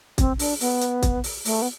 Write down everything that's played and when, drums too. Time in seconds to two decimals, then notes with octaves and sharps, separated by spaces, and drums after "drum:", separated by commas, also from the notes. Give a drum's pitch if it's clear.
0.18 C4, drum: kick, hi-hat
0.39 D4, drum: open hi-hat
0.60 B3, drum: open hi-hat
0.81 drum: hi-hat
1.02 drum: kick, hi-hat
1.24 drum: open hi-hat
1.45 A3, drum: open hi-hat
1.62 B3